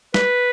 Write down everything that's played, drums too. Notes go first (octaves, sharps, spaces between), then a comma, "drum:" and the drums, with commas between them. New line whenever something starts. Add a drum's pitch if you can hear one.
B4, drum: snare